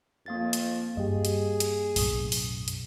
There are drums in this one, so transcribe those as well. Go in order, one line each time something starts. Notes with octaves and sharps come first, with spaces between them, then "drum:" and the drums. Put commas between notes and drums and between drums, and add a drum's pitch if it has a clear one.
F2 A#3 F5 A6
drum: hi-hat
G2 G4 G#4 D#5
drum: hi-hat
drum: hi-hat
B1 F#2 A2 D#6, drum: open hi-hat
drum: open hi-hat
drum: hi-hat